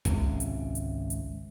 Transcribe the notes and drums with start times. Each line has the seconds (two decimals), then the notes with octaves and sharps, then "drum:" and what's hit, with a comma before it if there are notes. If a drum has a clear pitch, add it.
0.05 G#1 C#2 C3, drum: kick, hi-hat
0.40 drum: hi-hat
0.75 drum: hi-hat
1.10 drum: hi-hat